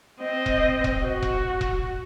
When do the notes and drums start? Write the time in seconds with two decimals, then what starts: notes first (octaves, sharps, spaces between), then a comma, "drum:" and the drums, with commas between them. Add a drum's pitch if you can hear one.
0.21 C4 D#5
0.46 drum: kick E1
0.84 drum: kick E1
1.03 F#4
1.22 drum: kick E1
1.61 drum: kick E1